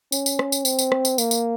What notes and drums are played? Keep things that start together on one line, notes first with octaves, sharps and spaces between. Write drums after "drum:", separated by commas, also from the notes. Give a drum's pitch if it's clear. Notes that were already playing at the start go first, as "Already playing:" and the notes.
C#4, drum: tambourine
drum: tambourine
drum: rim click
drum: tambourine
C4, drum: tambourine
drum: tambourine
drum: rim click
drum: tambourine
A#3, drum: tambourine
drum: tambourine